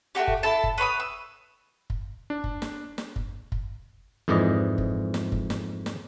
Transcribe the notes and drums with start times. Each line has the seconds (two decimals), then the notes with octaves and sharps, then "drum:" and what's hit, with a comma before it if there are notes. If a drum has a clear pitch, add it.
0.15 A3 C4 F#4 G4
0.28 drum: kick
0.43 E4 A4 A5
0.64 drum: kick
0.78 B4 C#5 B5 D#6
1.00 E6
1.90 drum: kick
2.30 D4
2.44 drum: kick
2.62 drum: snare
2.98 drum: snare
3.16 drum: kick
3.52 drum: kick
4.28 F2 G#2 E3 D5 D#5
4.78 drum: kick
5.14 drum: snare
5.32 drum: kick
5.50 drum: snare
5.86 drum: snare